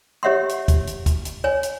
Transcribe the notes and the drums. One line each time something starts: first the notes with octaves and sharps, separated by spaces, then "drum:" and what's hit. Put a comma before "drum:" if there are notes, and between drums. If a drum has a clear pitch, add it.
G4 C#5 E5 F#5 C6
drum: hi-hat
drum: kick, hi-hat
drum: hi-hat
drum: kick, hi-hat
drum: hi-hat
C#5 G#5
drum: hi-hat